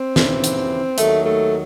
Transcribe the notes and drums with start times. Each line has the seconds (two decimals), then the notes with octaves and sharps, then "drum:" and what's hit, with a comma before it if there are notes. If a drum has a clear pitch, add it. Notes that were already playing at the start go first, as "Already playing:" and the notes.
Already playing: C4
0.16 D#2 C#3 E3, drum: snare
0.44 drum: hi-hat
0.98 D#2 D#3 F#3 A3, drum: hi-hat
1.24 A3